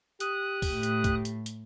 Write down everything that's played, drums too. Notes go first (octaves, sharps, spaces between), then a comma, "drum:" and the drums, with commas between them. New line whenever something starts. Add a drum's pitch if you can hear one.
G4 D#6 F#6, drum: hi-hat
drum: kick, open hi-hat
A2
drum: hi-hat
drum: kick, hi-hat
drum: hi-hat
drum: hi-hat